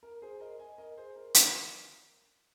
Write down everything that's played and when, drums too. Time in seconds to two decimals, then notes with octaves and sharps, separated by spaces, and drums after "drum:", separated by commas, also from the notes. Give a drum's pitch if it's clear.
0.03 A#4
0.22 G#4 C5
0.41 A#4 D#5
0.59 D#5 G#5
0.78 A#4 D#5
0.97 G#4 C5
1.16 A#4
1.34 drum: hi-hat